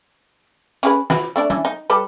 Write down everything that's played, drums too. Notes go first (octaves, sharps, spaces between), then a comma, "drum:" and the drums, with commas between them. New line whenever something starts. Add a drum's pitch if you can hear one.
C#4 G#4 B4, drum: hi-hat
F#4 B4, drum: snare
A3 D4 D5
E3 C#4 D4, drum: tom F#3
D#4
G3 A4 B4